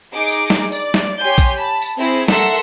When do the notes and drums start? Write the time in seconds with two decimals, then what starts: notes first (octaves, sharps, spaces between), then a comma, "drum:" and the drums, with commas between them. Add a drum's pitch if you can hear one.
0.14 D#4 G#4 D6 D7
0.28 drum: tambourine
0.50 drum: snare
0.72 D5, drum: tambourine
0.94 drum: snare
1.19 G4 C#5 G#5 C6 G6
1.38 drum: kick A#1, tambourine
1.56 A5 B5
1.82 drum: tambourine
1.96 C4 E4 G#4
2.28 A4 A#4 E5 F#5 C6 E6, drum: snare